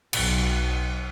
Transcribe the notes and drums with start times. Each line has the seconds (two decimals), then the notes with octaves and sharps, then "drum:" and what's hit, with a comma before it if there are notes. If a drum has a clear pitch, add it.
0.13 B1, drum: cymbal